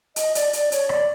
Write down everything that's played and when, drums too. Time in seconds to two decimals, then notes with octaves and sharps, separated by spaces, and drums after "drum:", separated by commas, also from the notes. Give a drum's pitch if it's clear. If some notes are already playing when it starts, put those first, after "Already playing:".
0.16 D#5, drum: hi-hat
0.35 D5, drum: hi-hat
0.53 D5, drum: hi-hat
0.72 C#5, drum: hi-hat
0.89 D5, drum: rim click